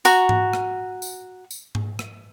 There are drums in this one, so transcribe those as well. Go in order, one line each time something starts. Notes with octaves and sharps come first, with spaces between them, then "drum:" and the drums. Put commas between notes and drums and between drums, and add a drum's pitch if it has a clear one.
F#4 A#5 C#6, drum: tambourine
drum: tom G#2
drum: rim click
drum: tambourine
drum: tambourine
drum: tom G#2
drum: rim click